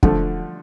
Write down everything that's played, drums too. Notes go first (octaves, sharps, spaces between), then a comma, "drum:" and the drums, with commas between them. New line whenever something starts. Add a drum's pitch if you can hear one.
D3 F3 A3, drum: kick